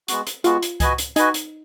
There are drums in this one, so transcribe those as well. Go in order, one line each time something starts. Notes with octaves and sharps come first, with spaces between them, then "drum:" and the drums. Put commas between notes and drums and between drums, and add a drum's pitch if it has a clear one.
G#3 B3 F#4, drum: hi-hat
drum: hi-hat
G#3 B3 F4 F#4, drum: hi-hat
drum: hi-hat
F#4 B4 D#5 G#5, drum: kick C#2, hi-hat
drum: hi-hat
D#4 F#4 B4 D#5 G#5, drum: hi-hat
drum: hi-hat